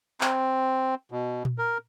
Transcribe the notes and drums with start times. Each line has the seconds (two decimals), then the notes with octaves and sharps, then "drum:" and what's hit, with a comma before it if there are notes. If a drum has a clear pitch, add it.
0.21 C4, drum: clap
1.12 B2
1.45 drum: tom A#2
1.58 A#4